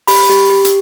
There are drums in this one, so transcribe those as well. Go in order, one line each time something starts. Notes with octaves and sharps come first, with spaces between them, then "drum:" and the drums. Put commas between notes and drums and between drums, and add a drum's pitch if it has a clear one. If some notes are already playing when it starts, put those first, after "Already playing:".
G4 B5, drum: open hi-hat
G4
G4
drum: hi-hat